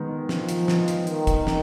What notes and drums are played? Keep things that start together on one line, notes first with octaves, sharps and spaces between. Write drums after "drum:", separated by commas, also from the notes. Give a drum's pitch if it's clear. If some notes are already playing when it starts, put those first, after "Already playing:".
Already playing: D#3 G#3 B3
F3, drum: snare
drum: hi-hat
drum: snare
drum: hi-hat
D#3, drum: hi-hat
drum: kick, hi-hat
drum: snare